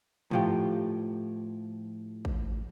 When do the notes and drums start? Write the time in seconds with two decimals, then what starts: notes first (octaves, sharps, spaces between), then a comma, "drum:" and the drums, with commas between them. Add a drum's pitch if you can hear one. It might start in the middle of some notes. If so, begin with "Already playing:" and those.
0.31 A2 F3 G4, drum: tom
2.25 drum: kick A1